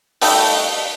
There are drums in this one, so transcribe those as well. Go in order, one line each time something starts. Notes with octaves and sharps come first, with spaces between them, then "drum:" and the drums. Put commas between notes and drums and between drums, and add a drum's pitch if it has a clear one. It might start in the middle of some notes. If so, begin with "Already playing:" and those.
G3 A3 D#4 F#4, drum: open hi-hat